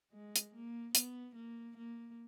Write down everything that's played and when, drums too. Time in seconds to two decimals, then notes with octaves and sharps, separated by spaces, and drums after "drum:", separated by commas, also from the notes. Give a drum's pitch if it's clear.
0.12 G#3
0.36 drum: hi-hat
0.54 A#3
0.95 B3, drum: hi-hat
1.35 A#3
1.77 A#3